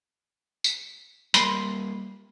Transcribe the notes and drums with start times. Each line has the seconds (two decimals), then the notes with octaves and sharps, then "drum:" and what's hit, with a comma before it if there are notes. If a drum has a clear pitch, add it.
0.64 drum: tambourine
1.34 G3 A#3 B5 C6, drum: hi-hat